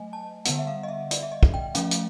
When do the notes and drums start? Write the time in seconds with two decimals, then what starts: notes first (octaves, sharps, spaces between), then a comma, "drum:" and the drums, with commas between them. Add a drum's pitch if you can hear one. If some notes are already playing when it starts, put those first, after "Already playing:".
Already playing: F#3 A3 D#5 G#5
0.13 A5
0.45 D3 G3 B3 F#5, drum: hi-hat
0.58 E5
0.67 F5
0.83 D#5
0.88 E5
1.11 D5, drum: hi-hat
1.22 E5
1.32 D#5
1.43 drum: kick
1.54 G5
1.75 F3 A3 C#4 F5, drum: hi-hat
1.91 drum: hi-hat